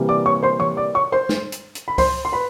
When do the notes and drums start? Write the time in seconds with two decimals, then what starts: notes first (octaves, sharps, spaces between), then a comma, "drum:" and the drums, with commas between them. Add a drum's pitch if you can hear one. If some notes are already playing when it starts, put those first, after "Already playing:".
Already playing: C3 E3 G3 A#3
0.09 D5 D6
0.26 C#5 C#6
0.43 C5 C6
0.60 C#5 C#6, drum: tom E3
0.77 D5 D6
0.94 C#5 C#6
1.12 C5 C6
1.29 drum: snare
1.52 drum: hi-hat
1.75 drum: hi-hat
1.88 B5
1.98 C5 C6, drum: kick C#2, open hi-hat
2.25 C6
2.33 B4 B5